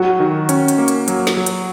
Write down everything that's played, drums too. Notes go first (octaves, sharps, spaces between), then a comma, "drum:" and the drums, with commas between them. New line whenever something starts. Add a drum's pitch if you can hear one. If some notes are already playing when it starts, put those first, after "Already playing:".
Already playing: F#3 F#4
D#3
C#4, drum: hi-hat
drum: hi-hat
A#3
drum: hi-hat
F#3, drum: hi-hat
drum: snare
F#3
drum: hi-hat